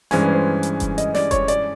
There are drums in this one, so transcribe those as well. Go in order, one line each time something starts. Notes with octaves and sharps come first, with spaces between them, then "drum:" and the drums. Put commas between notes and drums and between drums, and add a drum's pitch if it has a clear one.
G2 E3 G#3 C#4 C5, drum: snare
B4
C5
drum: hi-hat
drum: kick F1, hi-hat
D#5, drum: hi-hat
D5, drum: snare
C#5, drum: kick F1, hi-hat
D5, drum: hi-hat